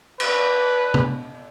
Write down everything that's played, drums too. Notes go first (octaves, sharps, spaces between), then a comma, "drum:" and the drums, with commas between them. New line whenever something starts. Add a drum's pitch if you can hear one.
B4, drum: cymbal
drum: tom C3